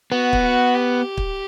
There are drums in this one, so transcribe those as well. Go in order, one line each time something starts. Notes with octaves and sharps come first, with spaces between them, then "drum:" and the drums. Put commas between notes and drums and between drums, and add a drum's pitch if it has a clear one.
B3 F#4
drum: kick
F#4
G4
drum: kick